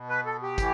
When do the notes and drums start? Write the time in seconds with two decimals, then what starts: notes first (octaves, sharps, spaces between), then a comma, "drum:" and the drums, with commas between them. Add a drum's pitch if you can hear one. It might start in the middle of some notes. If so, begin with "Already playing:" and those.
Already playing: B2
0.09 B4
0.26 A4
0.42 G4
0.58 A2 E3, drum: kick, hi-hat